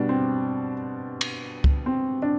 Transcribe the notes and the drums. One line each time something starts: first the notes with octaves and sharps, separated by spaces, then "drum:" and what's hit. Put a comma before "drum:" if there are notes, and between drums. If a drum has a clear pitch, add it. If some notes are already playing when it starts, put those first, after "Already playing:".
Already playing: B2 G3 D4
C4
drum: cymbal
drum: kick
C4
D4